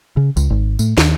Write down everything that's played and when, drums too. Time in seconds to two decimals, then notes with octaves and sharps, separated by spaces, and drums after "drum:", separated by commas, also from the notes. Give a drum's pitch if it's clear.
0.17 C#3
0.37 C#2, drum: tambourine
0.50 G#1
0.79 A2, drum: tambourine
0.98 D#2, drum: snare